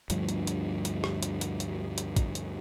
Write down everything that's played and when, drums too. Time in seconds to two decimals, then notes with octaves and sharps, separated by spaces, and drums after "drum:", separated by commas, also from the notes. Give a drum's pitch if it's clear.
0.10 D2 G2 F3, drum: hi-hat
0.29 drum: hi-hat
0.47 drum: hi-hat
0.85 drum: hi-hat
1.04 drum: rim click
1.23 drum: hi-hat
1.41 drum: hi-hat
1.60 drum: hi-hat
1.98 drum: hi-hat
2.16 drum: kick, hi-hat
2.35 drum: hi-hat